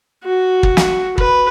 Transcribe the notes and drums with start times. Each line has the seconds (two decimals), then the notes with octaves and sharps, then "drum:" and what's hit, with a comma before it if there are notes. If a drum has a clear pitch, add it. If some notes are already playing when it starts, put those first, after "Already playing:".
0.24 F#4
0.63 drum: kick
0.77 drum: snare
1.18 B4, drum: kick